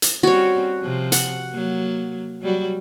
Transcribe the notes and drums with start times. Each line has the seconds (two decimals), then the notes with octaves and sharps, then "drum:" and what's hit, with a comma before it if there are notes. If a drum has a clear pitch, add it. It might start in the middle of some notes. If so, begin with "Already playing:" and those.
0.02 drum: hi-hat
0.23 G3 C4 C#4 F#4 C#5
0.80 C3 F3
1.12 F#5, drum: hi-hat
1.50 F#3 A#3
2.42 F#3 G3 F#4